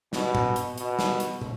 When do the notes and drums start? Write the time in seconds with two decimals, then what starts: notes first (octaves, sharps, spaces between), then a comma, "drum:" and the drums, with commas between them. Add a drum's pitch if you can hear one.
0.13 B2, drum: snare
0.35 drum: tom A2
0.56 drum: hi-hat
0.78 B2, drum: hi-hat
0.99 drum: snare
1.20 drum: hi-hat
1.41 drum: tom